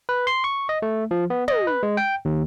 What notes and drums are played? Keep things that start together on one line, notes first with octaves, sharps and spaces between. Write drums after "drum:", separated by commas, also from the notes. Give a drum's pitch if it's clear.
B4
C6
C#6
D#5
A3
F3
B3
D#5, drum: tom
B4
G#3
G5
D#2